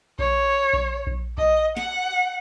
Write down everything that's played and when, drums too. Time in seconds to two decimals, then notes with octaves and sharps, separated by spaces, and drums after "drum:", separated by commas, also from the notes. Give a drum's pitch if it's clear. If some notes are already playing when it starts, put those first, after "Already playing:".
0.19 C#5, drum: kick A#1
0.73 drum: kick A#1
1.07 drum: kick A#1
1.38 D#5, drum: kick A#1
1.77 F#5, drum: snare